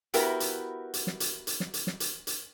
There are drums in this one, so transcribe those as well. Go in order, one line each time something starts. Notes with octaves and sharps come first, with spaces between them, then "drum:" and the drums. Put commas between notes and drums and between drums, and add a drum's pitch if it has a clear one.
B3 E4 F#4 G4 A#4 B4, drum: hi-hat
drum: hi-hat
drum: hi-hat
drum: snare
drum: hi-hat
drum: hi-hat
drum: snare
drum: hi-hat
drum: snare
drum: hi-hat
drum: hi-hat